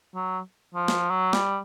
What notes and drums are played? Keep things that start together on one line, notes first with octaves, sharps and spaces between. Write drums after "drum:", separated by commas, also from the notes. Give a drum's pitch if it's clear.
F#3
F3
drum: snare
F#3
G3, drum: snare